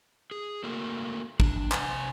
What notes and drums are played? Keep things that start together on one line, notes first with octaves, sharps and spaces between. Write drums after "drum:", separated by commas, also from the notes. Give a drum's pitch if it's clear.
G#4
A3 A#3 F#4 A#4
D4, drum: kick
C3 G#5, drum: clap